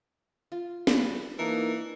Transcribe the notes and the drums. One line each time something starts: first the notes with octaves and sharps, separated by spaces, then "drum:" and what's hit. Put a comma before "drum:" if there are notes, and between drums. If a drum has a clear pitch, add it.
F4
F4 B4, drum: snare
E3 A#3 D4 D#4